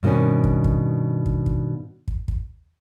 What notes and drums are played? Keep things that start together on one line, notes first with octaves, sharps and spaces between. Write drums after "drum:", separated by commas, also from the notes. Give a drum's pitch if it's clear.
G2 B2 D#3 C4 C#4
drum: kick
drum: kick
drum: kick
drum: kick
drum: kick
drum: kick